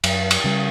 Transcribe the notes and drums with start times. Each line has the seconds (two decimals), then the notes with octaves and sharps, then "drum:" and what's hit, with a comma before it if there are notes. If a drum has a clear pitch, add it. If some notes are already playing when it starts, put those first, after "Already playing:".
0.04 F#2, drum: cymbal
0.31 drum: cymbal
0.44 C#3 G3